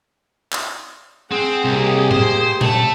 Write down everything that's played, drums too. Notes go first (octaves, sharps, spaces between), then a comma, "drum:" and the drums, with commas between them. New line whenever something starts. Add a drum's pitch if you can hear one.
drum: clap
C4 G#4 F#5 C6
C2 A#3 G4
C5, drum: tom A2
A3 A5, drum: tom A#2